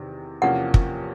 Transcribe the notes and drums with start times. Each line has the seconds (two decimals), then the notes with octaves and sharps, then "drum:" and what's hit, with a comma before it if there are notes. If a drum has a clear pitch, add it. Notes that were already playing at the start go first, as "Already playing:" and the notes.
Already playing: E2 C3 D#3
0.42 E2 C3 F3 A#3 C#4 F#5
0.74 drum: kick